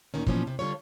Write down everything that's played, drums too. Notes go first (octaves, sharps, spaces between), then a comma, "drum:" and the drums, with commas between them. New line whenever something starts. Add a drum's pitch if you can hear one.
D2 A#2 D#3 C#4
A#2 E3 F3 B3 C#4, drum: kick
C3
D3 G3 F4 C#5